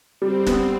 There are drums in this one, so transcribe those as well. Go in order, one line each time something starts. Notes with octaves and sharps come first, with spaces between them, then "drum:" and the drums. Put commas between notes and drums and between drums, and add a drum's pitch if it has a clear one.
G3 C4
B3, drum: snare